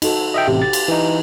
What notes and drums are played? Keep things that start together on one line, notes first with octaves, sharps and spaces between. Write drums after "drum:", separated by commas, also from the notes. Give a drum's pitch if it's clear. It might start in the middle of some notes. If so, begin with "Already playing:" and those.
D#4 F#4 A4, drum: cymbal
D#5 E5 G5
A1 C3 G4
A6
drum: cymbal
E3 D#4